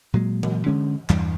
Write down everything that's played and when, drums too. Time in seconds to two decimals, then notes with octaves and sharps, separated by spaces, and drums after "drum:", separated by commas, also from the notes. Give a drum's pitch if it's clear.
0.14 A#2 F#3 G#3
0.43 drum: tom E3
0.66 D3 G#3 C#4
1.09 E2 G2 E3 G3, drum: clap